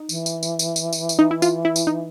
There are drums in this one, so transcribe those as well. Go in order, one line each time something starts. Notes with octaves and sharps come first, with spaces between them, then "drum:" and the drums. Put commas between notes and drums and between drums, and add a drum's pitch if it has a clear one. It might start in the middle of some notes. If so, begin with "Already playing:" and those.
Already playing: D#4
E3, drum: tambourine
drum: tambourine
drum: tambourine
drum: tambourine
drum: tambourine
drum: tambourine
drum: tambourine
D#4
E4
F4, drum: tambourine
E4
drum: tambourine
D#4